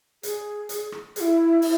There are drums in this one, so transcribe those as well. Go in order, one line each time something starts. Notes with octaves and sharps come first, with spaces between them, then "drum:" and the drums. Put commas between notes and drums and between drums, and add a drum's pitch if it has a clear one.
G#4, drum: hi-hat
drum: hi-hat
drum: rim click
G#4, drum: hi-hat
E4
drum: open hi-hat